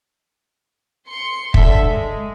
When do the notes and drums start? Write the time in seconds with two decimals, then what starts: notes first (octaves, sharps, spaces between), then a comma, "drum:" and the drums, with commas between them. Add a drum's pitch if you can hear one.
1.08 C6 C#7
1.54 D3 A4 E5 B6, drum: kick
1.84 G#3